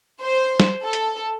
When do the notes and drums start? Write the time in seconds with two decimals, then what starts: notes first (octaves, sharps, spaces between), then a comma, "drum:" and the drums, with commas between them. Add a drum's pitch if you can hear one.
0.22 C5
0.60 drum: snare
0.84 A4
0.93 drum: hi-hat